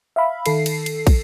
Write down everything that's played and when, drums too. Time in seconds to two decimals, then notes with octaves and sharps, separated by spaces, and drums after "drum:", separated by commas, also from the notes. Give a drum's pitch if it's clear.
0.16 E5 F5 B5
0.46 D#3 A4 C7, drum: cymbal
0.66 drum: cymbal
0.86 drum: cymbal
1.07 drum: kick, cymbal